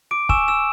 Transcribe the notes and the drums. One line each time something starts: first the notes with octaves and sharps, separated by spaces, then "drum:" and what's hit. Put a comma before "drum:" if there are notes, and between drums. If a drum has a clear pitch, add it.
D6 D7
G#5 C#6 E6 E7, drum: kick
E6 E7